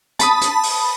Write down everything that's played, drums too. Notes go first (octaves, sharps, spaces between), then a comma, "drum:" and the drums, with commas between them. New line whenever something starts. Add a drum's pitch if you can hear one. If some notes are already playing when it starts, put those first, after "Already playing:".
A5 B5 D#6, drum: hi-hat
drum: hi-hat
drum: open hi-hat